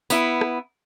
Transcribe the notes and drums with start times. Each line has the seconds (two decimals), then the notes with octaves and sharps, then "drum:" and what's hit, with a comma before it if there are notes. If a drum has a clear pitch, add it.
0.10 B3 E4, drum: tambourine
0.41 drum: rim click